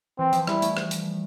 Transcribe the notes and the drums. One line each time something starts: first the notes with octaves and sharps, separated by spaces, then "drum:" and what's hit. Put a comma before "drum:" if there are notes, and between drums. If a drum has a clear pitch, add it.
E3 C4
F3, drum: hi-hat
G3 E4, drum: rim click
A3, drum: hi-hat
drum: rim click
drum: hi-hat